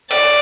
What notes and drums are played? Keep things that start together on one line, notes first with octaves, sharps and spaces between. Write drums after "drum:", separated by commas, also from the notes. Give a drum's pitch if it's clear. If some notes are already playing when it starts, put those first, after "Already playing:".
D5, drum: cymbal